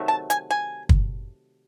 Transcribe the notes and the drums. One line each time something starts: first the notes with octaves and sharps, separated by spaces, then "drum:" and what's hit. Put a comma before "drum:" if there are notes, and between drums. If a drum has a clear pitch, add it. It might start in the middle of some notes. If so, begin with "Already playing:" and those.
Already playing: C3 D#3 F#3 A3
A5
G#5, drum: hi-hat
G#5
drum: kick